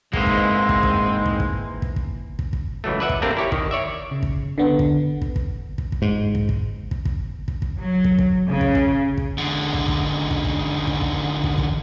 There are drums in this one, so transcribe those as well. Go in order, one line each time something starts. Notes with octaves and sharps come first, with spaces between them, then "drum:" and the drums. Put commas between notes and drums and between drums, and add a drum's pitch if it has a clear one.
G#2 E3 G#3 A#3 C4, drum: kick
drum: kick
drum: kick
drum: kick
drum: kick
drum: kick
drum: kick
drum: kick
drum: kick
drum: kick
C#2 E3 F#3 A3
B4 D5 E5 F#5
drum: kick
A3 A#3 C4 D4 G4 A#4
E4 G4 C#5
D#3, drum: kick
C#5 D5 E5
C#3
drum: kick
D3 B3
drum: kick
drum: kick
drum: kick
drum: kick
drum: kick
G#2
drum: kick
drum: kick
drum: kick
drum: kick
drum: kick
drum: kick
F#3
drum: kick
drum: kick
C#3
drum: kick
drum: kick
drum: kick
E2 D3
drum: kick
drum: kick
drum: kick
drum: kick
drum: kick
drum: kick
drum: kick
drum: kick